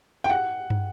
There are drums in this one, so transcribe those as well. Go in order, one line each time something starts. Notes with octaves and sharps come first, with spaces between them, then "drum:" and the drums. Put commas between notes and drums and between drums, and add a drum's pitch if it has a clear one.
G5
F#5
drum: tom